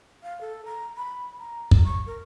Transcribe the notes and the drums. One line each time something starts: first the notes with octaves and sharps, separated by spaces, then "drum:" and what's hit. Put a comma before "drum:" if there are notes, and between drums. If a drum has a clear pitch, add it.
F5
A4
A#5
B5
A#5
drum: kick
C#6
A#4